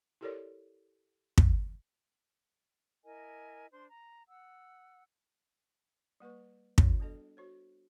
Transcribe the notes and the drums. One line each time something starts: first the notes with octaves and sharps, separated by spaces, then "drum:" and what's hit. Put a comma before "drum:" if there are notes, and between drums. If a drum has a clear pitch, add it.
E4 G4 A4 A#4 C#5 D5
drum: kick
E4 A#4 D#5 G#5
D4 C5 C6
A#5
F#5 E6
G3 A#3 B4 C#6
D4 E4 F#4 C#5, drum: kick
G3 B3 D4 A4 D#5
F#4 C5 C#5